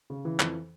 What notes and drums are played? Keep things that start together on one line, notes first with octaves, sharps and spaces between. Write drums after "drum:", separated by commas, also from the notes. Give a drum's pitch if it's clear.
C#3
E3
F2, drum: clap